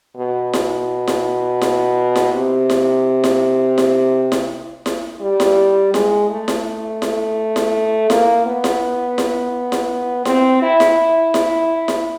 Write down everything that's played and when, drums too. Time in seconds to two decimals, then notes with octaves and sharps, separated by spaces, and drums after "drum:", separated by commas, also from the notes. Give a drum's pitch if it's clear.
0.17 B2
0.53 drum: snare E4
1.07 drum: snare E4
1.62 drum: snare E4
2.16 drum: snare E4
2.33 C3
2.70 drum: snare E4
3.24 drum: snare E4
3.78 drum: snare E4
4.32 drum: snare E4
4.86 drum: snare E4
5.21 G3
5.40 drum: snare E4
5.94 G#3, drum: snare E4
6.30 A3
6.48 drum: snare E4
7.02 drum: snare E4
7.56 drum: snare E4
8.10 A#3, drum: snare E4
8.46 B3
8.64 drum: snare E4
9.18 drum: snare E4
9.72 drum: snare E4
10.25 C4, drum: snare E4
10.63 E4
10.80 drum: snare E4
11.34 drum: snare E4
11.88 drum: snare E4